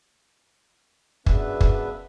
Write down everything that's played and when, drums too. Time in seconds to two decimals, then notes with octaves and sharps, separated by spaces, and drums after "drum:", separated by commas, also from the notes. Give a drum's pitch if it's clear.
1.26 F#2 C#3 B3 D4 B4 E5, drum: kick
1.61 drum: kick